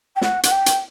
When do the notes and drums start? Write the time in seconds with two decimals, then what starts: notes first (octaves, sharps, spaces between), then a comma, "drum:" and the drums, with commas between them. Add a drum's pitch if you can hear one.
0.16 G5
0.21 F#5, drum: snare
0.43 F#5, drum: hi-hat
0.51 G5
0.66 drum: hi-hat